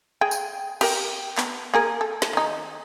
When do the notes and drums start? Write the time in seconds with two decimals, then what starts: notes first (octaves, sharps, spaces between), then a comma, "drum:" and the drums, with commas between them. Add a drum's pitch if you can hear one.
0.21 G#4 G5
0.31 drum: tambourine
0.81 G4 A#4 G5, drum: cymbal
1.38 B3, drum: clap
1.74 A#3 G#4 A#4
2.01 A4
2.22 drum: snare
2.33 D#3 D#4